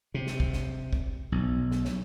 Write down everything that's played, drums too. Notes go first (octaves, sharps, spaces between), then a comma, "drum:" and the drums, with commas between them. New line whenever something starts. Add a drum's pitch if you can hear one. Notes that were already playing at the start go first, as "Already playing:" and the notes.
C3
drum: snare
drum: kick
drum: snare
drum: kick
B1
drum: snare
drum: snare